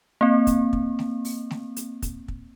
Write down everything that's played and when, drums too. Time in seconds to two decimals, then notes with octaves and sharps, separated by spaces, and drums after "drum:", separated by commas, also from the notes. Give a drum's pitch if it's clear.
0.21 A#3 C4
0.47 drum: kick, hi-hat
0.73 drum: kick
0.99 drum: snare A3
1.25 drum: open hi-hat
1.51 drum: snare A3
1.76 drum: hi-hat
2.02 drum: kick, hi-hat
2.28 drum: kick